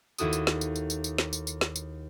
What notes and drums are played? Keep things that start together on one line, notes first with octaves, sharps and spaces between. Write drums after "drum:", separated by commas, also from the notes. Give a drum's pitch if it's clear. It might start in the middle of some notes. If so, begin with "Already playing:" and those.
D#2 E4 F#4 A4 D#6, drum: tambourine
drum: tambourine
drum: snare
drum: tambourine
drum: tambourine
drum: tambourine
drum: tambourine
drum: snare
drum: tambourine
drum: tambourine
drum: snare
drum: tambourine